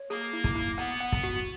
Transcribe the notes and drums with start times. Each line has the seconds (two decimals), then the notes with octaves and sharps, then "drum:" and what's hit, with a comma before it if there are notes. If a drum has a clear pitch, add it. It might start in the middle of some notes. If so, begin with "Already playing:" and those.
Already playing: C#5
0.10 A#3 G#4, drum: hi-hat
0.33 E4
0.44 drum: kick, hi-hat
0.56 E4
0.78 B3 F#5, drum: hi-hat
1.00 F#5
1.12 drum: kick, hi-hat
1.23 F#4